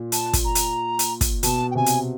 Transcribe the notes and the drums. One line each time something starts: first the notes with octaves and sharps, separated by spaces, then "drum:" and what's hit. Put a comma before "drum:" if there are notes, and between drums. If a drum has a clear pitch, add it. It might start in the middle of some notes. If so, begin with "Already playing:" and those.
Already playing: A#2
A5, drum: hi-hat
drum: kick, hi-hat
A#5
drum: hi-hat
drum: hi-hat
drum: kick, hi-hat
B2 A5, drum: hi-hat
G5
C3 G#5
drum: hi-hat